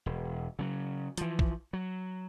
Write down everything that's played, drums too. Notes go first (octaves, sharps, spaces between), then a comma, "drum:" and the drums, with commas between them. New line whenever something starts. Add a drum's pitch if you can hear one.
E1
C#3 F#3
E3 F3, drum: hi-hat
drum: kick
F#3